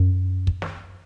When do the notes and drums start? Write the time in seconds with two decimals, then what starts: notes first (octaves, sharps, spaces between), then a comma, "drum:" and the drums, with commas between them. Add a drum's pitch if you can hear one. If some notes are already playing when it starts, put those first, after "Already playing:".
Already playing: F#2
0.47 drum: kick
0.62 drum: snare